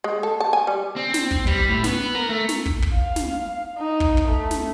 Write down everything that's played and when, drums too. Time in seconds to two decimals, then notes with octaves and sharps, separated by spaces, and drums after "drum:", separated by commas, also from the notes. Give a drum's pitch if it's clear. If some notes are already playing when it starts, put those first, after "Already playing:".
0.04 G#3
0.23 A4
0.40 A5
0.53 G#5
0.67 G3
0.96 C4
1.14 drum: snare
1.31 drum: kick
1.47 G3, drum: kick
1.69 A2
1.84 B3, drum: snare
2.15 A#4
2.29 A3
2.49 drum: snare
2.66 drum: kick
2.82 drum: kick
2.95 F5
3.16 drum: snare
3.78 D#4
4.00 drum: kick
4.17 drum: kick
4.28 A3
4.51 drum: snare